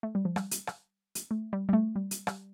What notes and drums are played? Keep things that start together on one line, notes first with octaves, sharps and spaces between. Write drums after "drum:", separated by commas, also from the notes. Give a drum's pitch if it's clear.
A3
G3
F3
G3, drum: rim click
drum: hi-hat
drum: rim click
drum: hi-hat
A3
G3
G3
A3
G3
drum: hi-hat
G3, drum: rim click